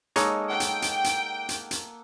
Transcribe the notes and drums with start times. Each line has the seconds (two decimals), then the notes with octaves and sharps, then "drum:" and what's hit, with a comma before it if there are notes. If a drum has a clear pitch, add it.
0.16 G#3 A#3 D#4 A4 C#5 D#6, drum: hi-hat
0.50 F#5 G5
0.60 drum: hi-hat
0.82 drum: hi-hat
1.04 drum: hi-hat
1.49 drum: hi-hat
1.71 drum: hi-hat